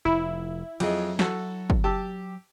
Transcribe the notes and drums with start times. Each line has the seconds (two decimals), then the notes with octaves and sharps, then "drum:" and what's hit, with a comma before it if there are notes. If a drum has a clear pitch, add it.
0.05 F1 E4
0.80 F2 F#3 G#4 D#5, drum: cymbal
1.19 F#4 A4, drum: snare
1.70 drum: kick
1.84 G4 A5 E6